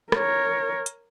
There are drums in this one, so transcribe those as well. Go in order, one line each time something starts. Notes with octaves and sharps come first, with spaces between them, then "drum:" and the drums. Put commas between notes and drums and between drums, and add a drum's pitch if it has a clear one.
A#4 C#5, drum: rim click
drum: hi-hat